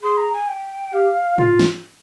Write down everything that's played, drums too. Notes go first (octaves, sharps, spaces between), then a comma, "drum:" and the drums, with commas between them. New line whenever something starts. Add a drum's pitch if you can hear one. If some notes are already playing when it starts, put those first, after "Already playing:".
G#4 C6
A#5
G#5
G5
G4 F5
F4, drum: tom
drum: snare